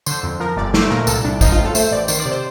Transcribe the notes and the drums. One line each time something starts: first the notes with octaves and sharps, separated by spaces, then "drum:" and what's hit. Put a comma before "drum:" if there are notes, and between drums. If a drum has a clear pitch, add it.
D3 C5, drum: tambourine
F2
F3 A#4
G1 D5
A3 C5, drum: snare
A#2 A#4
C2 A4, drum: tambourine
C2 D4
F3 D#4, drum: kick, tambourine
F4
A2
A4
A3 C5, drum: tambourine
A1 D5
D#3 C5, drum: tambourine
D5
C3
C5